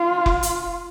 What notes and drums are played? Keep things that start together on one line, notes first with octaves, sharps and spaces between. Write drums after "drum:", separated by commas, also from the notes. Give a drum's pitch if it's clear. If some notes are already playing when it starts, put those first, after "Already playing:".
Already playing: F4
drum: kick F1
drum: hi-hat